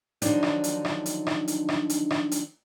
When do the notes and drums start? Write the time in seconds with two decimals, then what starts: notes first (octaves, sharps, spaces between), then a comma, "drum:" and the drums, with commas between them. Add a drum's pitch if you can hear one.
0.22 D3 D#3 F3 F#3 D4 D#4, drum: hi-hat
0.43 drum: rim click
0.64 drum: hi-hat
0.85 drum: rim click
1.06 drum: hi-hat
1.27 drum: rim click
1.48 drum: hi-hat
1.69 drum: rim click
1.90 drum: hi-hat
2.11 drum: rim click
2.31 drum: hi-hat